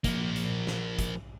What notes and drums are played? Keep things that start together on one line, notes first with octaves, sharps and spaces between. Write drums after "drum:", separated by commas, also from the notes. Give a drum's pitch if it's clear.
F3 A#3, drum: kick, hi-hat
drum: hi-hat
drum: snare
drum: kick, hi-hat